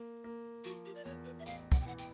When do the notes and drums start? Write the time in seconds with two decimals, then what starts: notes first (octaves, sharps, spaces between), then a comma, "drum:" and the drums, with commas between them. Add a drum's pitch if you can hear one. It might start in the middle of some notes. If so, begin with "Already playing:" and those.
Already playing: A#3
0.24 A#3
0.64 F3 F#4, drum: tambourine
0.86 G4
0.95 D5
1.05 E2 C#5
1.25 B4
1.39 E5
1.46 A1 F5, drum: tambourine
1.72 F#5, drum: kick, tambourine
1.81 G5
1.86 E3 F#5
1.98 G5, drum: tambourine